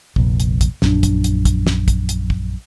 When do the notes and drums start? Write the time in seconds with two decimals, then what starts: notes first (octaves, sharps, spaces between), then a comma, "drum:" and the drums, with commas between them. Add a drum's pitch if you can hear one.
0.16 F1 A#1, drum: kick
0.40 drum: hi-hat
0.61 drum: kick, hi-hat
0.82 A#1 F#2 D4, drum: snare
1.03 drum: kick, hi-hat
1.24 drum: hi-hat
1.45 drum: kick, hi-hat
1.67 drum: snare
1.88 drum: kick, hi-hat
2.09 drum: hi-hat
2.30 drum: kick